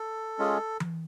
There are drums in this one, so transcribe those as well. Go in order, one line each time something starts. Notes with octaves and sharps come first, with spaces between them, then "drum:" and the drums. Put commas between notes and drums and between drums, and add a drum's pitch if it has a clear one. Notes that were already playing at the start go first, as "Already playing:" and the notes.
Already playing: A4
G#3 C#4 F4 G#4
drum: tom E3